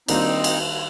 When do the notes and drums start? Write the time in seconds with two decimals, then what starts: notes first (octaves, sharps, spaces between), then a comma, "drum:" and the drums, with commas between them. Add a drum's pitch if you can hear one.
0.08 D#3 G3 A#3 C4 D4 D#4 F4, drum: cymbal
0.44 drum: cymbal